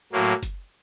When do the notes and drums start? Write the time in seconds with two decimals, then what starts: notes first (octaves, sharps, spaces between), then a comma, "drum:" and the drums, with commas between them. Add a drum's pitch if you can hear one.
0.13 A2 F#3 A#3
0.43 drum: kick F#1, hi-hat